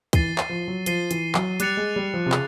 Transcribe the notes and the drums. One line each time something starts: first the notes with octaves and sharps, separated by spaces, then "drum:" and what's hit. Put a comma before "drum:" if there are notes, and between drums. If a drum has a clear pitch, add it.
E3 A6 C7 D#7 G7, drum: kick, hi-hat
drum: clap
F3
F#3
F3 A6 C7 D#7 G7, drum: hi-hat
E3, drum: hi-hat
F#3, drum: clap
G3 D6 F#6 A6 C#7 F7, drum: hi-hat
G#3
G3
F3
C3
C#3, drum: clap